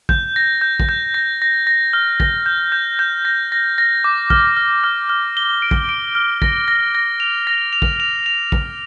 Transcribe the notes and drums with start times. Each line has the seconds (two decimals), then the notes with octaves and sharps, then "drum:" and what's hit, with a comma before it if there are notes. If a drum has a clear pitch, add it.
0.09 G6, drum: kick
0.36 A#6
0.61 G6
0.80 drum: kick
0.89 G6
1.14 A#6
1.42 A#6
1.67 A#6
1.93 F6
2.20 A#6, drum: kick
2.46 G6
2.72 G6
2.99 G6
3.25 A#6
3.52 A#6
3.78 A#6
4.04 D6
4.30 F6, drum: kick
4.57 F6
4.84 F6
5.09 F6
5.37 G7
5.62 D7
5.71 drum: kick
5.89 D7
6.15 F6
6.42 A#6, drum: kick
6.68 A#6
6.95 A#6
7.20 F7
7.47 A#6
7.73 F7
7.82 drum: kick
8.00 F7
8.26 F7
8.52 F7, drum: kick